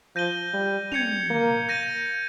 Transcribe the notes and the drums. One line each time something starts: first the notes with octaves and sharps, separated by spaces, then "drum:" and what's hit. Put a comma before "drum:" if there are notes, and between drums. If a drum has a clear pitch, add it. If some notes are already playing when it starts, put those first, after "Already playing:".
F3 G6 A#6 D#7 G7
G3
G#6 C#7 F7, drum: tom
A#3
G6 A#6 D#7